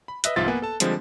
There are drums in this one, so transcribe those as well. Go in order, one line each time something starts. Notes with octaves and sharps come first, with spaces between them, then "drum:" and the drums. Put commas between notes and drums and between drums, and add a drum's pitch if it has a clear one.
B5
B4 D#5 E5 F#6, drum: hi-hat
C2 G#2 F3 F4 E5 A6
A#3 B3 B4 F#5 G#5
A4 A5
D3 F3 G3 G#3 C4, drum: hi-hat